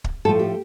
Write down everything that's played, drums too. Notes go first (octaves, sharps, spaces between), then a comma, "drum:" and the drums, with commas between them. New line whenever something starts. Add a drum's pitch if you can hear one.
drum: kick
A2 F3 A3 A4
G4